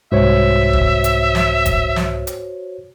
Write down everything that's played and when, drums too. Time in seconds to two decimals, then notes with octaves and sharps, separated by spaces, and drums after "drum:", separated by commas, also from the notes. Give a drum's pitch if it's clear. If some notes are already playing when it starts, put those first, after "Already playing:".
0.12 C2 G#2 F#4 C5 C#5 E5
0.73 drum: kick
1.04 drum: hi-hat
1.35 drum: snare
1.66 drum: kick, hi-hat
1.96 drum: snare
2.27 drum: hi-hat